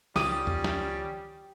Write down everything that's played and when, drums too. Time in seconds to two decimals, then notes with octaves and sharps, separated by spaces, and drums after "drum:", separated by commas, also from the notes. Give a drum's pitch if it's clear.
0.16 C#2 D#3 F3 G3 C#4 G4 D#6, drum: snare
0.47 drum: tom E2
0.64 drum: snare